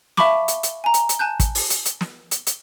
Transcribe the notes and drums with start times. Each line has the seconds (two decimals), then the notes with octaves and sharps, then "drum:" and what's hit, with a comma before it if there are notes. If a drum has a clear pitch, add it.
0.17 E5 F5 A5 B5 C#6 D6, drum: snare
0.48 drum: hi-hat
0.63 drum: hi-hat
0.84 G#5 A#5
0.94 drum: hi-hat
1.09 drum: hi-hat
1.19 G#5 A5 F#6 G6
1.40 drum: kick, hi-hat
1.55 drum: open hi-hat
1.70 drum: hi-hat
1.85 drum: hi-hat
2.01 drum: snare
2.31 drum: hi-hat
2.47 drum: hi-hat